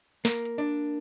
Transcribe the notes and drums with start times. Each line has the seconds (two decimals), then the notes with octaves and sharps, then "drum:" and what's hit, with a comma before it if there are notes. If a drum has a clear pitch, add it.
0.25 A#3, drum: snare
0.45 drum: hi-hat
0.58 D4